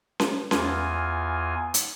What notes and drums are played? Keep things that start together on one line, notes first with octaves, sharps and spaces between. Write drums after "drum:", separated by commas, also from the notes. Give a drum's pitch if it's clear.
drum: snare C#4
E2 F4 G#5, drum: snare C#4
drum: hi-hat